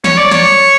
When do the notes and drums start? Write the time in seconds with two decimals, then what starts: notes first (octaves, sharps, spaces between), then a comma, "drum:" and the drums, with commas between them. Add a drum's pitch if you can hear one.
0.04 C#5, drum: snare
0.18 D5
0.31 C#5, drum: snare